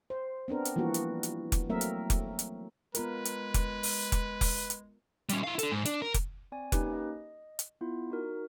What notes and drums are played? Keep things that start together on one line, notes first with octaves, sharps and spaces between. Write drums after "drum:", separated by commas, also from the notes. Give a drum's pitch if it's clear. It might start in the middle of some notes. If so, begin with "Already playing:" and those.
C5
B3 C4 D4 A#4
drum: hi-hat
E3 F3 G3 A#3 B3 F#4
drum: hi-hat
drum: hi-hat
drum: kick F1, hi-hat
F#3 A3 A#3 C4 A#4 E5
drum: hi-hat
drum: kick F1, hi-hat
drum: hi-hat
G#3 B3 F4 A#4 B4, drum: hi-hat
drum: hi-hat
drum: kick F1, hi-hat
drum: open hi-hat
drum: kick F1, hi-hat
drum: kick F1, open hi-hat
drum: hi-hat
G3 C#4, drum: hi-hat
E4 F5
D4 A4, drum: hi-hat
G#2
D4, drum: hi-hat
A#4
drum: kick F1, hi-hat
C4 D5 G#5
A#3 C#4 D#4 G4 B4, drum: kick F1, hi-hat
D#5
drum: hi-hat
B3 E4 F4
D#4 F#4 A#4